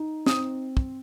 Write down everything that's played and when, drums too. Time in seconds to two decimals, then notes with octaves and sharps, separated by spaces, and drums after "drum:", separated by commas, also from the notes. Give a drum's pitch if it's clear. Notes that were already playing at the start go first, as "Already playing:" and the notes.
Already playing: D#4
0.26 C4 D#6, drum: snare
0.77 drum: kick